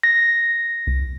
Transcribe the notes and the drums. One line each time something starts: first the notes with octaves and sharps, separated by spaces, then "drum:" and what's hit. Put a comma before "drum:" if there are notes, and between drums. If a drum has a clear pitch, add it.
A#6
drum: kick C2